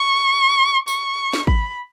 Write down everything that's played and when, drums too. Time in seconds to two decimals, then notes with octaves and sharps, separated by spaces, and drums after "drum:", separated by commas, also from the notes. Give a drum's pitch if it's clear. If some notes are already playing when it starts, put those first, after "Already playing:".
Already playing: C#6
0.88 C#6, drum: tambourine
1.33 drum: snare
1.47 B5, drum: kick